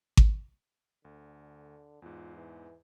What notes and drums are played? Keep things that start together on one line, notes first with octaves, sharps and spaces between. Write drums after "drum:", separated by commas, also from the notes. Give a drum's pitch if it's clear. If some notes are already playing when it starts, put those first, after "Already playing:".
drum: kick G#1
D2 D3
E2 G#2 F4
E3